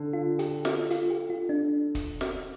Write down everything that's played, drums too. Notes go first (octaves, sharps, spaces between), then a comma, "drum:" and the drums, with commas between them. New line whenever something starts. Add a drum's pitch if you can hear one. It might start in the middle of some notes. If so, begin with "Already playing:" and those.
Already playing: D3
F4
G4, drum: hi-hat
F4, drum: snare
F4, drum: hi-hat
G4
F4
D4
drum: kick, hi-hat
drum: snare